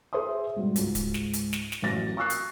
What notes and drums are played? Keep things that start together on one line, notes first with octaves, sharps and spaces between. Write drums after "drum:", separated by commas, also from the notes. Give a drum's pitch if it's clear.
G#4 C5 E5 C6 D#6
G#2 B2 G3
C#2 G#2, drum: hi-hat
drum: kick D1, hi-hat
drum: snare
drum: hi-hat
drum: snare
drum: snare
A1 F#2 A6 A#6
C#6 D#6 E6 F#6 C7
drum: hi-hat